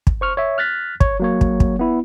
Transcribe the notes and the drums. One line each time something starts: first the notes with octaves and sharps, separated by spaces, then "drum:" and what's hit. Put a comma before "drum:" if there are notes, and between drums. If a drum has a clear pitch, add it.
drum: kick
C5 C#6 F6
C#5 E5
F6 F#6 A6 B6
C#5, drum: kick
F#3 A#3 C#5
drum: kick
drum: kick
B3 E4